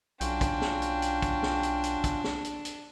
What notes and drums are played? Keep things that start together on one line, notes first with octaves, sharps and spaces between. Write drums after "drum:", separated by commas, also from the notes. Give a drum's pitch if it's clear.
B1 C#4 D4 F4 F#4 G5, drum: hi-hat
drum: kick, hi-hat
drum: snare
drum: hi-hat
drum: hi-hat
drum: kick, hi-hat
drum: snare
drum: hi-hat
drum: hi-hat
drum: kick, hi-hat
drum: snare
drum: hi-hat
drum: hi-hat